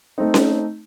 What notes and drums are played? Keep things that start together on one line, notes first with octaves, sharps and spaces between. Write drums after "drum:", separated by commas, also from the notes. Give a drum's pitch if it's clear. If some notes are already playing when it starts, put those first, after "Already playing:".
A3 C4 D#4
drum: snare C#4